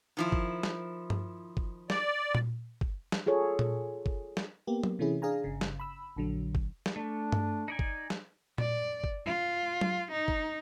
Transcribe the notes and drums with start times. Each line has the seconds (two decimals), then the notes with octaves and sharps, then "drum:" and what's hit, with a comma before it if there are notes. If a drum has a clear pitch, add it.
0.17 D#3 F3 E4
0.32 drum: kick
0.63 drum: snare
1.10 drum: tom G2
1.57 drum: kick
1.90 D5, drum: snare
2.35 drum: tom A#2
2.81 drum: kick
3.12 drum: snare
3.26 F4 G#4 A4 C#5
3.59 drum: tom A#2
4.06 drum: kick
4.37 drum: snare
4.67 A#3 B3 G4
4.84 drum: tom F#3
4.99 C3 E3 A3 C#4 E4 G#4
5.22 D4 G#4 F5 G#5 A#5
5.44 G1 C#3
5.61 drum: snare
5.80 B5 E6
6.16 A#1 D3 F#3
6.55 drum: kick
6.86 drum: snare
6.96 A3 D4
7.32 drum: tom G2
7.68 D#4 D5 G#5
7.79 drum: kick
8.10 drum: snare
8.58 D5, drum: tom A#2
9.04 drum: kick
9.26 F4
9.81 drum: tom F#3
10.12 D#4
10.28 drum: kick